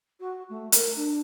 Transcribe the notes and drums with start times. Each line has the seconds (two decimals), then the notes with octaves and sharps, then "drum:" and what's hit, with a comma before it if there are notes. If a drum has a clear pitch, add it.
0.20 F#4
0.49 A3
0.72 A#4, drum: hi-hat
0.96 D4